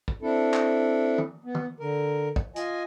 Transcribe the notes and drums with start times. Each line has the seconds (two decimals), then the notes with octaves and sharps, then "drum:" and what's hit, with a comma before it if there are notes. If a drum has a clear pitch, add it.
0.08 drum: kick
0.22 C4 D4 E4 A4
0.54 drum: clap
1.18 drum: tom D#3
1.45 B3
1.55 drum: tom D#3
1.80 D3 A#4
2.36 drum: kick
2.56 F4 D#5 G#5, drum: hi-hat